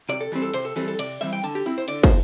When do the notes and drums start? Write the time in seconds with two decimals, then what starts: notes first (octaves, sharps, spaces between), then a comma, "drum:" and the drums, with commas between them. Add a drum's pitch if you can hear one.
0.09 C3 D5
0.21 A4
0.32 E3 G3 C4
0.42 A4
0.54 C3 C5, drum: cymbal
0.65 A4
0.76 E3 G3 C4 A4
0.88 A4
0.99 C3 D5, drum: cymbal
1.21 E3 G3 C4 E5
1.33 G5
1.43 D3 A5
1.55 G4
1.66 C4 E4
1.78 C5
1.88 D3 D5, drum: cymbal
2.04 C5, drum: kick, cymbal